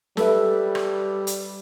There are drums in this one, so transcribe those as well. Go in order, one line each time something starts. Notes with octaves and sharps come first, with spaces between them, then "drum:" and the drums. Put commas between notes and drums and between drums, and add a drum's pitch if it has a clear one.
G3 A4 B4 E5, drum: snare
drum: rim click
drum: hi-hat